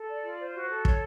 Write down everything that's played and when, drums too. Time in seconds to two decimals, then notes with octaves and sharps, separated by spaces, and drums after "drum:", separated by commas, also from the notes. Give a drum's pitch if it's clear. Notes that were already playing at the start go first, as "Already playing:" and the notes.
Already playing: A4
0.09 D5
0.24 F4
0.39 C5
0.55 F#4
0.70 A4
0.85 C#5, drum: kick